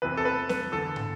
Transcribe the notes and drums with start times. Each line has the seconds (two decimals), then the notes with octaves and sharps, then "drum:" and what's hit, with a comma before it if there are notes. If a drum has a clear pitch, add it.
0.02 E2 C3 E3 B4
0.17 A4
0.25 B4
0.49 B4, drum: snare C4
0.72 E2 D3 A4
0.96 drum: tom